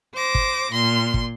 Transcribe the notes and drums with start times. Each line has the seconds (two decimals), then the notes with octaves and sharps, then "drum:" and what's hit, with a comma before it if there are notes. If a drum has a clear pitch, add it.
0.15 C5 D6 A#6
0.35 drum: kick
0.71 A#2 C6
1.14 drum: kick